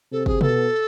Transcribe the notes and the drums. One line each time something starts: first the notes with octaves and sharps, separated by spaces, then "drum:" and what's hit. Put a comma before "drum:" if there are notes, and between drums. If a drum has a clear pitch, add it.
C3 A4
G#4, drum: kick
B2 A4, drum: tom B2